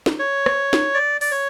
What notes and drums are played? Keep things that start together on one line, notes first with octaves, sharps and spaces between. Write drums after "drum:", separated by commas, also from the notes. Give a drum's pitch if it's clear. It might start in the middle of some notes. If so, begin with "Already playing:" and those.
drum: snare
C#5
drum: rim click
drum: snare
D5
D5, drum: open hi-hat
C#5